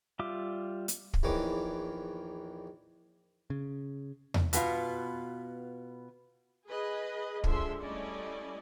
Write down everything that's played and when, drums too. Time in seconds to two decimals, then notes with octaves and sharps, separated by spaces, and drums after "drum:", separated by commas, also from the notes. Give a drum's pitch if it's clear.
0.19 G3 F4 E5 D6
0.88 drum: hi-hat
1.14 drum: kick
1.23 A#1 E2 D#3 E3 C#5 D6
3.50 C#3
4.34 drum: tom E2
4.53 B2 B3 F4, drum: hi-hat
6.68 G#4 B4 D#5
7.44 D3 F3 G#3 E5 C6, drum: kick
7.82 G3 A3 C#4 E4 D5 D#5